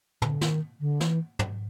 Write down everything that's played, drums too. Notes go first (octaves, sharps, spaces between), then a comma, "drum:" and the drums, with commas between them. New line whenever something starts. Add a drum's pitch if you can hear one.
D3, drum: tom
D#3, drum: snare
D3
E3, drum: snare
drum: tom